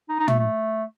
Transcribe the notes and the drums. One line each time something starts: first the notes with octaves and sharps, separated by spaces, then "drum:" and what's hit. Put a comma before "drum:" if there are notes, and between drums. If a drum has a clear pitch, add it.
D#4
D#4
A3, drum: tom
A3